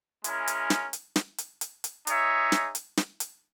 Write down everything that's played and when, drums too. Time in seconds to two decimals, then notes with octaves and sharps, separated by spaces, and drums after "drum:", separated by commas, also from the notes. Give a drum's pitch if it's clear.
0.24 G#3 C#4 E4 A#4, drum: hi-hat
0.47 drum: hi-hat
0.70 drum: snare
0.93 drum: hi-hat
1.16 drum: snare
1.38 drum: hi-hat
1.61 drum: hi-hat
1.84 drum: hi-hat
2.07 D#4 G#4 C#5 E5, drum: hi-hat
2.52 drum: snare
2.75 drum: hi-hat
2.97 drum: snare
3.20 drum: hi-hat